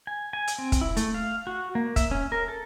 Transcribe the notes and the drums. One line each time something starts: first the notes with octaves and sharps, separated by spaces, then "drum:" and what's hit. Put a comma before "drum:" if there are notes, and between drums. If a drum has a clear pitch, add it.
G#5
G#5
drum: hi-hat
C4
drum: kick, hi-hat
E4
A3, drum: hi-hat
F5
F#4
A#3
E5, drum: kick, hi-hat
C#4
A#4
A4